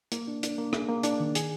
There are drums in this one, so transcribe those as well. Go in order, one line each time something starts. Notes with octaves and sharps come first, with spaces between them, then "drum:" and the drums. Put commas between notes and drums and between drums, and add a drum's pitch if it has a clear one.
A#3, drum: hi-hat
D4
D4, drum: hi-hat
A#3
G#4, drum: rim click
A#3
D4, drum: hi-hat
D#3
G#4, drum: hi-hat